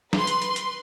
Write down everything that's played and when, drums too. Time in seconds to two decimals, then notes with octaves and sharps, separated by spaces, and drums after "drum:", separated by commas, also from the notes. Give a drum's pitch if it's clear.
0.13 B4 C6, drum: snare
0.27 drum: hi-hat
0.42 drum: hi-hat
0.56 drum: hi-hat